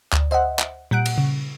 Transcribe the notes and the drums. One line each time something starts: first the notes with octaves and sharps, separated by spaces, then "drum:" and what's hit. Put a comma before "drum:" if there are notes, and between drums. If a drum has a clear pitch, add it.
D2, drum: clap
C5 D#5 E5 F#5
drum: clap
A#2 G3 F#5 F#6 D7
drum: cymbal
C#3